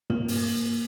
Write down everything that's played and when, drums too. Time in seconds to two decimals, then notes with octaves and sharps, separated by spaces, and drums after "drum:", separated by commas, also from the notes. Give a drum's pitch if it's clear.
0.10 A#3, drum: tom
0.28 drum: open hi-hat